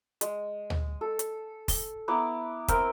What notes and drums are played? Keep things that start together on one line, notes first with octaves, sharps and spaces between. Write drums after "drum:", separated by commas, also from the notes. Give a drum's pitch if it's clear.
G#3, drum: hi-hat
drum: tom
A4
drum: hi-hat
drum: kick, open hi-hat
B3 E4 A#5 D6
C4 A#4 E5 G5, drum: kick, hi-hat